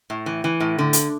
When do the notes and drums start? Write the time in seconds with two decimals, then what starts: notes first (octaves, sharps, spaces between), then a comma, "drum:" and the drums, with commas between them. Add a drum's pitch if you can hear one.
0.10 A2
0.26 E3
0.44 E3
0.60 A2
0.78 D3
0.93 drum: hi-hat